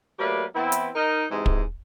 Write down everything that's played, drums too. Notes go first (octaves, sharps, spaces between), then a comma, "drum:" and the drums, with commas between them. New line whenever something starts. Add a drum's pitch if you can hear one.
F#3 A3 A#3 G4 B4 D5
E3 B3 C4 E4
drum: hi-hat
D#4 A#4
G#2 C3 E3 G#3
drum: kick